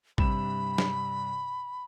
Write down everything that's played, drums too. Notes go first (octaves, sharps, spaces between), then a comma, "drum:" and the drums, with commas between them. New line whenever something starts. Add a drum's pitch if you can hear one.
G2 C3 B5 E7, drum: kick
drum: snare